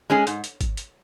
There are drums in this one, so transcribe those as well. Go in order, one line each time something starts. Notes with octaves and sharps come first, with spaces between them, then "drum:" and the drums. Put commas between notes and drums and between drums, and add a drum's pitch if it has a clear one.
G#3 C#4 G#4
G#2, drum: hi-hat
drum: hi-hat
drum: kick G1, hi-hat
drum: hi-hat